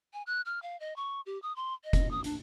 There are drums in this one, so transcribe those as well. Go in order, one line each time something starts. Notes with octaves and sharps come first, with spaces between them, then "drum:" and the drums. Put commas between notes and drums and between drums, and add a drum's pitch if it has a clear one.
G#5
F#6
F6
F5
D#5
C#6
G4
D#6
C6
D#5
drum: kick F1, hi-hat
D#6
D4, drum: hi-hat